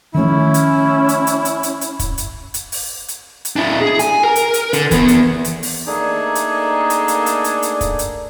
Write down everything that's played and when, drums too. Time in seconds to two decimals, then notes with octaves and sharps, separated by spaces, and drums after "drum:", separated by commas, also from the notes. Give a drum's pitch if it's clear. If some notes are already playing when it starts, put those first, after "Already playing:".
0.14 D#3 F3 A3 C#4 E4
0.54 drum: hi-hat
1.09 drum: hi-hat
1.27 drum: hi-hat
1.45 drum: hi-hat
1.63 drum: hi-hat
1.81 drum: hi-hat
1.99 drum: kick, hi-hat
2.18 drum: hi-hat
2.54 drum: hi-hat
2.72 drum: open hi-hat
3.08 drum: hi-hat
3.45 drum: hi-hat
3.56 D4 E4
3.81 G#4
3.99 G#5, drum: hi-hat
4.24 A#4
4.36 drum: hi-hat
4.54 drum: hi-hat
4.73 D3, drum: hi-hat
4.91 E3 B3, drum: kick, hi-hat
5.08 drum: hi-hat
5.45 drum: hi-hat
5.63 drum: open hi-hat
5.87 A3 A#3 D4 D#4 G#4 A4
6.35 drum: hi-hat
6.90 drum: hi-hat
7.08 drum: hi-hat
7.26 drum: hi-hat
7.44 drum: hi-hat
7.62 drum: hi-hat
7.81 drum: kick, hi-hat
7.99 drum: hi-hat